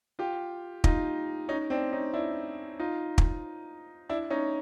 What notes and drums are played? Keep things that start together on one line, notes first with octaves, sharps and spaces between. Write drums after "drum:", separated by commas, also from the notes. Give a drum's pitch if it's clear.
F4 G4
D#4 F4, drum: kick
C#4 D#4
C4 D4
C#4 D#4
D4 E4
D#4 F4
drum: kick
D4 E4
C#4 D#4